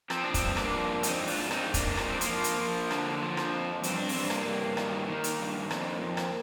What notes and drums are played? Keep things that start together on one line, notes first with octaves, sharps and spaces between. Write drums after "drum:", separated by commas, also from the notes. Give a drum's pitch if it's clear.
F3 C4, drum: rim click
D4
C4, drum: kick, hi-hat
G2
A#3 D4, drum: rim click
F3
G#2 C4 D#4, drum: hi-hat
D4 F4, drum: open hi-hat
G#2
C4 D#4, drum: rim click
G#2
A#3 D4, drum: kick, hi-hat
F3 A#3, drum: rim click
C4
A#3, drum: hi-hat
F3
drum: hi-hat
F3
D3, drum: rim click
F3
drum: rim click
F2
G2 C4, drum: hi-hat
D4
C4, drum: open hi-hat
G2
A#3, drum: rim click
G2
D#3, drum: rim click
D#3
drum: hi-hat
G2
F2, drum: rim click
F2
drum: rim click